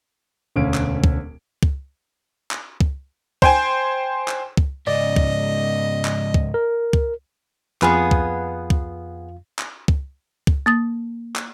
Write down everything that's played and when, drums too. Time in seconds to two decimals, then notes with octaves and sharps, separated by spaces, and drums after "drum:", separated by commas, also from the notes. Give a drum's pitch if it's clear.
0.56 E1 D2 C#4 F5 D7
0.74 drum: clap
1.04 drum: kick
1.63 drum: kick
2.51 drum: clap
2.81 drum: kick
3.42 C5 G5 G#5, drum: kick
4.28 drum: clap
4.57 drum: kick
4.87 G#2 C#3 D5 D#5
5.16 drum: kick
6.05 drum: clap
6.34 drum: kick
6.54 A#4
6.93 drum: kick
7.82 F2 B3 F4 G#4 B4 F5, drum: clap
8.11 drum: kick
8.70 drum: kick
9.59 drum: clap
9.88 drum: kick
10.47 drum: kick
10.66 A#3 D#6 A6
11.36 drum: clap